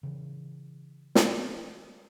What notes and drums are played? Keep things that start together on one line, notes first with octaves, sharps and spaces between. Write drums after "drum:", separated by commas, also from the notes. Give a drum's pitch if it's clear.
C#3 E3
drum: snare